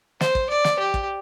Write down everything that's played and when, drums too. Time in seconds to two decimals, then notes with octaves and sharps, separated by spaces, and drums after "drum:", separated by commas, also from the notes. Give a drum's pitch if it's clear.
0.21 C5, drum: snare
0.35 drum: kick
0.50 D5
0.64 drum: snare
0.79 G4
0.94 drum: kick